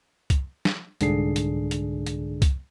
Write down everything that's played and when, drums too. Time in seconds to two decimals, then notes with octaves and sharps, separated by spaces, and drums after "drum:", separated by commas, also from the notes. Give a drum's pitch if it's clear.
0.30 drum: kick C2, hi-hat
0.65 drum: snare
1.01 C2 G#2 D3 D4 G#4 C7, drum: hi-hat
1.36 drum: hi-hat
1.71 drum: hi-hat
2.07 drum: hi-hat
2.42 drum: kick C2, hi-hat